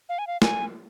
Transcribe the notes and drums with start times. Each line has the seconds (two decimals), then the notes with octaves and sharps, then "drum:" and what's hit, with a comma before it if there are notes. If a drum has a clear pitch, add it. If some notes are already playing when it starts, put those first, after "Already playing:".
0.09 F5
0.19 G#5
0.27 F5
0.42 G#5, drum: snare